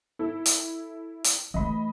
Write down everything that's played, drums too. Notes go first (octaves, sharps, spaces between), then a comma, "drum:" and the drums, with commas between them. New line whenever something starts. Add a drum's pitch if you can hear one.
E4 A4
drum: hi-hat
drum: hi-hat
E3 A3 D#5 B5